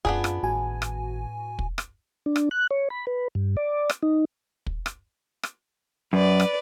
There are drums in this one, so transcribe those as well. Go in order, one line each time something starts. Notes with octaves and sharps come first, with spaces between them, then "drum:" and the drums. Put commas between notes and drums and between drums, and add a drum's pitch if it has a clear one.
F#2 B3 D4 F4 G#4, drum: kick
drum: rim click
G#1 A2 F#4 G#5
drum: rim click
drum: kick
drum: rim click
D4
drum: rim click
F#6
C#5
B5
B4
G2
D5
drum: rim click
D#4
drum: kick
drum: rim click
drum: rim click
F#2 B4 D5
drum: rim click